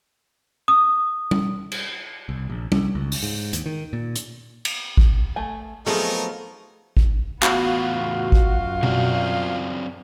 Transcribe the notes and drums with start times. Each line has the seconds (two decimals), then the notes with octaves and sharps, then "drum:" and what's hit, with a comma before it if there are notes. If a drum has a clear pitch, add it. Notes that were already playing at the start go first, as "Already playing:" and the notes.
0.68 D#6
1.31 drum: tom G3
1.72 drum: cymbal
2.29 C2
2.50 A#1
2.72 C2, drum: tom G3
2.95 C#2
3.12 drum: open hi-hat
3.23 G#2
3.53 D#2, drum: hi-hat
3.66 D#3
3.93 A#2
4.15 drum: hi-hat
4.65 drum: cymbal
4.97 drum: kick G#1
5.36 A3 G#5
5.86 F3 F#3 A3 B3 C4 D#4 G#4 A#4
6.97 drum: kick G#1
7.43 E2 A2 B3 F4 F#4 F5, drum: clap
8.32 F#2, drum: kick G#1
8.83 F#3 C4 D5, drum: tom B2